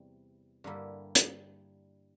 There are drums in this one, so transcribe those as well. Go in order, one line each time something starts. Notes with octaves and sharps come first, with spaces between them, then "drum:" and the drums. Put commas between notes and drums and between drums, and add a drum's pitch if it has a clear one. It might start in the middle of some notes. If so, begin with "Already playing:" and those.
Already playing: E2 C3 G3
G2 D3 G3 A#3 E4
drum: hi-hat